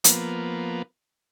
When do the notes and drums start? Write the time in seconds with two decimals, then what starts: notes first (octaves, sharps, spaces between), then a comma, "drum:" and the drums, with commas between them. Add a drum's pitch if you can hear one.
0.04 F3 A#3 B3, drum: hi-hat